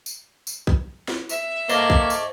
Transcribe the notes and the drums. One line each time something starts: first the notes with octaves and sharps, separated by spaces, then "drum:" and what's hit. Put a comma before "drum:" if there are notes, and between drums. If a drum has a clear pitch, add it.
drum: tambourine
drum: tambourine
drum: kick A#1
drum: snare
E5, drum: tambourine
A#3 A4 C5 D#5 C#6 D6, drum: tambourine
drum: kick A#1
drum: tambourine